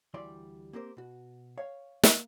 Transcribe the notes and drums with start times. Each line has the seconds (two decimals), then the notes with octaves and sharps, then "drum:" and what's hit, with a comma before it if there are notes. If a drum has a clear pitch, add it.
0.14 D2 E3 G3 G4 D5 C6
0.73 A#3 C4 G4 A#4 C5
0.97 B2 F#4
1.58 C#5 F5
2.03 A#3, drum: snare